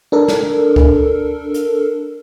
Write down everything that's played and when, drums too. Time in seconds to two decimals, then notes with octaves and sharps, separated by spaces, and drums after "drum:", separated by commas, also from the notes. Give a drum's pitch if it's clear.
0.12 D4 A4 A#4
0.28 drum: snare
0.76 drum: kick C#2
1.54 drum: hi-hat